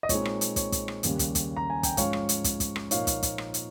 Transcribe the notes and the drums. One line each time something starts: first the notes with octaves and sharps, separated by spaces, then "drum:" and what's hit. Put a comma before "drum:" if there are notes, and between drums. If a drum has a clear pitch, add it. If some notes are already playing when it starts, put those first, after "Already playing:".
D#5
A#2 G#3 C4 D#4 C#5, drum: kick, hi-hat
drum: rim click
drum: hi-hat
C#5, drum: kick, hi-hat
drum: kick, hi-hat
drum: rim click
D#2 C#3 G3 C#4, drum: hi-hat
drum: kick, hi-hat
drum: kick, hi-hat
A#5
G#5
G5, drum: kick, hi-hat
G#2 F3 G#3 C#4 C#5 F5, drum: kick, hi-hat
drum: rim click
drum: hi-hat
drum: kick, hi-hat
drum: kick, hi-hat
drum: rim click
A#2 F3 A#3 D#4 C#5 F5, drum: hi-hat
drum: kick, hi-hat
drum: kick, hi-hat
drum: rim click
drum: hi-hat